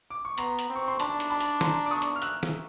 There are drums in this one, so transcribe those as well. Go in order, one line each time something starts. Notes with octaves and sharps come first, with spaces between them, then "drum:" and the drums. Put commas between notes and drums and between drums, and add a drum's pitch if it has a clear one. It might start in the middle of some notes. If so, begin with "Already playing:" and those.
D6
C#6
B3 A#5 C6, drum: hi-hat
drum: hi-hat
C4
C#6
C6
D4 A5 B5, drum: hi-hat
drum: hi-hat
A5 B5
drum: hi-hat
A#5 C6, drum: snare
D6
C#6 D#6
drum: hi-hat
F6
E6 F#6, drum: hi-hat
drum: snare